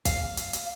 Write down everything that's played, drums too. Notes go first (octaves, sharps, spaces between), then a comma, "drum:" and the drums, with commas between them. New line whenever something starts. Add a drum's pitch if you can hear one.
F5, drum: kick, hi-hat
drum: hi-hat
drum: hi-hat